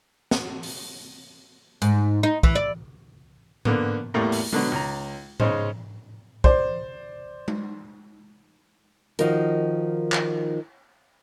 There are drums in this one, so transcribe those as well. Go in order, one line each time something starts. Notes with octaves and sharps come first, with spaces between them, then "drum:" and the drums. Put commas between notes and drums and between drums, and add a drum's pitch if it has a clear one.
drum: snare
drum: open hi-hat
G#2, drum: hi-hat
D#4
E3, drum: kick
D5
D3 A#3 B3, drum: tom G#2
E2 A2 G3 A3 A#3
drum: open hi-hat
B2 D3 F#3 B3 F#4, drum: tom G#3
C#2 A#5
C#3 G#3 C#4 D#4 C5, drum: tom G#2
C5 D5, drum: kick
drum: tom G#3
D#3 F3 D#4 F#4 A#4, drum: hi-hat
drum: clap